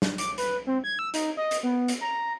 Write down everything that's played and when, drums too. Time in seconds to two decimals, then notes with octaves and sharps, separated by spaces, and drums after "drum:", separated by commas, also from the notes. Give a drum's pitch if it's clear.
0.02 drum: snare
0.18 D6, drum: hi-hat
0.38 B4, drum: hi-hat
0.67 C4
0.84 G#6
0.99 E6
1.14 D#4, drum: hi-hat
1.37 D#5
1.51 drum: hi-hat
1.63 B3
1.88 drum: hi-hat
2.01 A#5